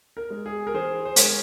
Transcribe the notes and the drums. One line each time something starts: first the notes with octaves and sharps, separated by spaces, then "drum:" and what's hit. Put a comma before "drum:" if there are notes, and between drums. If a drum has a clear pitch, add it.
A#4
G#3
G#4
A#4
E3 G#4 C5
C5
G#3 A#4 C#5, drum: hi-hat